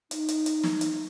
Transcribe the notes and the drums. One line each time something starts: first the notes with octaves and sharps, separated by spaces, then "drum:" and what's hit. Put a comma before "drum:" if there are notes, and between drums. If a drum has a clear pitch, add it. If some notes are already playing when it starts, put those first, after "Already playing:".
D#4, drum: hi-hat
drum: hi-hat
drum: hi-hat
drum: snare
drum: hi-hat